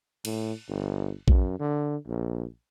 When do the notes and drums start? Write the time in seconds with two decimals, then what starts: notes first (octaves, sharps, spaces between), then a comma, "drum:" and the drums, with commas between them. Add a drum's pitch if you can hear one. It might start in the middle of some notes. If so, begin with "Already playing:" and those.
0.25 A2, drum: cymbal
0.69 G1
1.28 F#2, drum: kick
1.60 D3
2.08 A#1